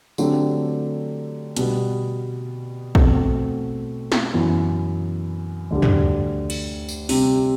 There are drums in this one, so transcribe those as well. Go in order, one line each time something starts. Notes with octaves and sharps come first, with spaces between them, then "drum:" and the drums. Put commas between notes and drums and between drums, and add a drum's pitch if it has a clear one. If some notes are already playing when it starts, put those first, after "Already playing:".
D3 F#3 A3 C4 G4, drum: tambourine
B2 G3 B3, drum: hi-hat
B2 A3 C4 F#4, drum: kick
drum: snare
F#2 E3 B3
D2 D3 G3
drum: tom
drum: cymbal
drum: tambourine
C3 G3 C4 G4, drum: open hi-hat